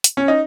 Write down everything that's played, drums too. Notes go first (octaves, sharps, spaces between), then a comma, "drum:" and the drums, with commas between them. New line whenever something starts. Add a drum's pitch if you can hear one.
drum: hi-hat
C#4
D#4